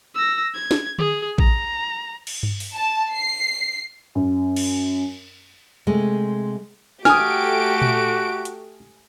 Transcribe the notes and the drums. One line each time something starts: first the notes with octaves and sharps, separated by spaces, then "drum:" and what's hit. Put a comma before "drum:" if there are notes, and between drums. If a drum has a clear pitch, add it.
E6 A#6
G#6
drum: snare
G#4, drum: tom D3
A#5, drum: kick A1
drum: cymbal
drum: tom G2
drum: open hi-hat
A5
C7
F#2
drum: cymbal
C3 G#3 A3
A3 F#4 G4 G#5 D#6 F6 D7, drum: snare
drum: tom A#2
drum: hi-hat